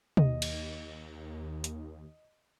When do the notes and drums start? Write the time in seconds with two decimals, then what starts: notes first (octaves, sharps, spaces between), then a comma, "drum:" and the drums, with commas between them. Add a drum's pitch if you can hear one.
0.17 D#2 D#5, drum: tom
0.42 drum: cymbal
1.64 drum: hi-hat